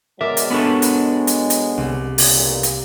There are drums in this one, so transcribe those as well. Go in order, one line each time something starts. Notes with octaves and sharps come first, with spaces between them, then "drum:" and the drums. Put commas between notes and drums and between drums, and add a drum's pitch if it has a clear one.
B2 F#3 G#3 A#4 D5 E5 D6
drum: hi-hat
B3 D4 A4 B5 C#6
drum: hi-hat
drum: hi-hat
drum: hi-hat
C2
B1 E2 A#2, drum: open hi-hat
drum: hi-hat